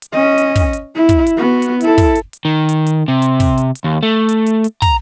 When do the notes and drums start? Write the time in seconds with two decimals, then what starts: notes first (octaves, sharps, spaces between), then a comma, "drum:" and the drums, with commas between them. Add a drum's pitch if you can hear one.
0.02 drum: hi-hat
0.13 C#4 D#5
0.38 drum: hi-hat
0.55 drum: kick, open hi-hat
0.73 drum: hi-hat
0.95 E4
1.09 drum: kick, hi-hat
1.27 drum: hi-hat
1.37 B3 F#4
1.62 drum: hi-hat
1.81 E4 A4, drum: hi-hat
1.98 drum: kick, open hi-hat
2.15 drum: hi-hat
2.33 drum: hi-hat
2.45 D#3
2.69 drum: hi-hat
2.86 drum: hi-hat
3.08 C3
3.22 drum: hi-hat
3.40 drum: kick, open hi-hat
3.58 drum: hi-hat
3.75 drum: hi-hat
3.84 D#2
4.03 A3
4.29 drum: hi-hat
4.46 drum: hi-hat
4.64 drum: hi-hat
4.82 A#5, drum: kick, open hi-hat